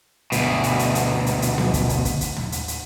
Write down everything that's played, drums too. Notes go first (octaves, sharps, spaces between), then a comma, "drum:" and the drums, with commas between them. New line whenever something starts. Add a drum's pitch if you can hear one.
D2 B2, drum: hi-hat
drum: hi-hat
drum: hi-hat
drum: hi-hat
drum: hi-hat
drum: hi-hat
drum: snare B3
drum: kick, hi-hat
drum: hi-hat
drum: kick, hi-hat
drum: hi-hat
drum: tom
drum: hi-hat
drum: hi-hat